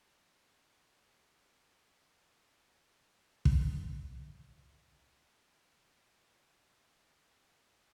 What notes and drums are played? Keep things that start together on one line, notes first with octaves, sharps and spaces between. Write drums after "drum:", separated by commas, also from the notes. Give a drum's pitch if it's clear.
E3 F#3 G#3 A4 B4
C#3 F3 F#3 A#3 B3
E3 F3 C4
F2
G#5
F3
F4 G4
drum: kick
F#6 D#7
G3
C#5 G5 A5 C6 D6
F#1